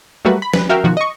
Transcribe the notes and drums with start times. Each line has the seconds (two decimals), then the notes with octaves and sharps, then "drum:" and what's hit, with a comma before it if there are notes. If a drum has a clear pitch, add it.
0.25 F#3 G3 A3 A#3 F#4 B4
0.42 B5
0.53 B4, drum: snare
0.69 F#4 A#4 E5 F5 G5
0.84 B2 D#3 F3 F#4
0.97 D#5 C#6